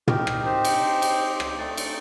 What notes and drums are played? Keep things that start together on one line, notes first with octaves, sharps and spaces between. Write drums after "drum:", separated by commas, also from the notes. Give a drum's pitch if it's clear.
C4 D#4 G4 A#4, drum: tom
drum: rim click
C5
drum: cymbal
drum: cymbal
drum: rim click
A3 C4 D#4 D5
drum: cymbal